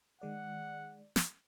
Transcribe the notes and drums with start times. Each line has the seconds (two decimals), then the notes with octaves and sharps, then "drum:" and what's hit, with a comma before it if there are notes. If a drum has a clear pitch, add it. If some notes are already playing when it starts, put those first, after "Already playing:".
0.22 D#3 G#3 D5 F#5
1.16 drum: snare